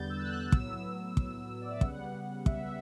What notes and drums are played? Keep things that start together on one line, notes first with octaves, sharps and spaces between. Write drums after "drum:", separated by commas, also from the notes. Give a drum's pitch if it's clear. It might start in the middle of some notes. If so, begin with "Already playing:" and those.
Already playing: E2 D3 G3 B3 G6 A6
E6
F#6
A2 F#3 B3 E6, drum: kick
drum: kick
D5
E5
C#3 G3 B3 F#5, drum: kick
E5, drum: kick